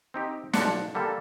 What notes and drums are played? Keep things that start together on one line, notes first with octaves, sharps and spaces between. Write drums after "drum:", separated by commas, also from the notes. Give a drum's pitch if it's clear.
C4 D#4 G4
B1 F3 D4 F#5, drum: snare
D3 G3 A#3 A4